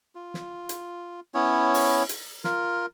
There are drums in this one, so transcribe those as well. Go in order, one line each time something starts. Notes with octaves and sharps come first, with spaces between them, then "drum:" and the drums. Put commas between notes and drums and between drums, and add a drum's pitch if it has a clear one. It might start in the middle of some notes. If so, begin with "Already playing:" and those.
F4
drum: snare
drum: hi-hat
B3 C#4 E4 C#5
drum: open hi-hat
drum: hi-hat
F4 A#4, drum: snare